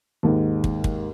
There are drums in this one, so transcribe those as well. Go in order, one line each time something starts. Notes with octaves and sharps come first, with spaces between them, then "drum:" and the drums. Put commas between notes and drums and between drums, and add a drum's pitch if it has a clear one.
D#2 G#2
drum: kick
drum: kick